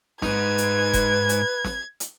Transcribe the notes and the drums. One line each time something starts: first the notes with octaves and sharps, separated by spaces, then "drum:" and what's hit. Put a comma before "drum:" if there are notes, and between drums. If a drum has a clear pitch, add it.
G#2 D#4 B4 G#6, drum: snare
drum: hi-hat
drum: kick F1, hi-hat
drum: hi-hat
drum: snare
drum: hi-hat